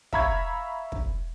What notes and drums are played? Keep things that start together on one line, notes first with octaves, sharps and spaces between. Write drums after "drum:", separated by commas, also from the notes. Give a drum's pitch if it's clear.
E5 F5 A#5 B5 C#6 G#6, drum: kick
drum: kick